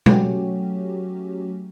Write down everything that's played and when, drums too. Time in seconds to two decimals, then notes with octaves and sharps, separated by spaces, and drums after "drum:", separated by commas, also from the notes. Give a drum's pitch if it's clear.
0.06 F#3 A3 C#4 F#4 G4, drum: tom B2